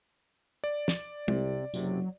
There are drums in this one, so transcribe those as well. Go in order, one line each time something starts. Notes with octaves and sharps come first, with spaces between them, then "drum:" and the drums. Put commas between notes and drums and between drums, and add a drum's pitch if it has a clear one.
D5
drum: snare
C2 C3, drum: tom
F#1 C3 F#3, drum: tambourine